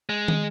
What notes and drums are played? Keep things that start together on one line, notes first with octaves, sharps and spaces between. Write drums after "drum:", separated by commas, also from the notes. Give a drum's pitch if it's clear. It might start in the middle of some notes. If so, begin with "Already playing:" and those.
G#3
drum: tom